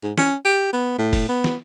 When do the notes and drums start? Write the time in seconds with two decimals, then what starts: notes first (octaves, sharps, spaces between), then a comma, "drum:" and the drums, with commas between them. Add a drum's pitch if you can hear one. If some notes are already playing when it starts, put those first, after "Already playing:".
0.03 G#2
0.18 C#4, drum: snare
0.45 G4
0.73 B3
0.98 A2
1.13 drum: kick, open hi-hat
1.29 B3
1.44 drum: snare